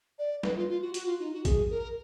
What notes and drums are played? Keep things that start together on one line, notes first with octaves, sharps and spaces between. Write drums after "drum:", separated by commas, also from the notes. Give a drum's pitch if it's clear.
D5
B4, drum: snare
F4
F4
F#4
F#4, drum: hi-hat
F4
D#4
F#4
G#4, drum: kick A#1, hi-hat
A#4